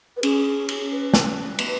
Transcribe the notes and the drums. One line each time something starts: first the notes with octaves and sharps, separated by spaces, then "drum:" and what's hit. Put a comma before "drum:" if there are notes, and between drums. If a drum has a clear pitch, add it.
B4
C#4 G#4, drum: cymbal
drum: cymbal
B4
drum: snare
B3, drum: cymbal